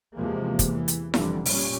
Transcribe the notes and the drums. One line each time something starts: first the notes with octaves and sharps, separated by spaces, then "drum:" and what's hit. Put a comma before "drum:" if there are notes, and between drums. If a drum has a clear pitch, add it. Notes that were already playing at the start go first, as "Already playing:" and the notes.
E2 C3 F3 G#3 A#3
drum: kick, hi-hat
E3
drum: hi-hat
F1 F2 D3 E3 G3, drum: snare E4
A#2 G3 C#4, drum: open hi-hat